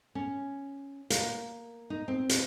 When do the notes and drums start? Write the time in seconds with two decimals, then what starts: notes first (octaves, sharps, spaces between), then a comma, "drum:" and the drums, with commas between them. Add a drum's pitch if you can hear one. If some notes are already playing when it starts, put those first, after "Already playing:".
0.15 C#4
1.10 A#3, drum: hi-hat
1.90 D#4
2.08 C4
2.29 drum: hi-hat